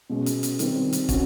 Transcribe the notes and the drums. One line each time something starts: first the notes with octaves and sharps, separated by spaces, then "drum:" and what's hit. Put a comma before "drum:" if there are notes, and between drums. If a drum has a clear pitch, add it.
B2 G#3 C#4
drum: hi-hat
drum: hi-hat
C3 D#3 G3 C4, drum: hi-hat
drum: hi-hat
C#4 F#4, drum: kick, hi-hat